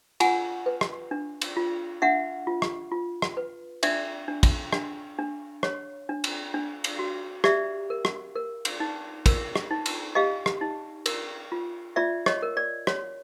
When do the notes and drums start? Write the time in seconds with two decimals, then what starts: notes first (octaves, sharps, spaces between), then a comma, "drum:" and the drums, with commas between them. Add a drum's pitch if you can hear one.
0.20 F4 F#5 G#5, drum: cymbal
0.66 B4
0.81 drum: rim click
1.11 D4
1.42 drum: cymbal
1.57 F4
2.02 D4 E5 F#5
2.47 F4
2.62 drum: rim click
2.92 F4
3.22 drum: rim click
3.37 B4
3.83 D4 D5 E5, drum: cymbal
4.28 D4
4.43 drum: kick, cymbal
4.73 D4, drum: rim click
5.19 D4
5.63 C#5, drum: rim click
6.09 D4
6.24 drum: cymbal
6.54 D4
6.84 drum: cymbal
6.99 F#4
7.44 G4 D5 E5, drum: rim click
7.90 A#4
8.05 drum: rim click
8.36 A#4
8.65 drum: cymbal
8.80 D#4
9.26 A#4, drum: kick, cymbal
9.56 drum: rim click
9.71 D#4
9.86 drum: cymbal
10.15 G4 D#5 F5
10.46 drum: rim click
10.61 D#4
11.06 A#4, drum: cymbal
11.52 F4
11.96 F4 D5 E5
12.26 C#5 D#5, drum: rim click
12.43 A#4
12.57 D5
12.87 C#5, drum: rim click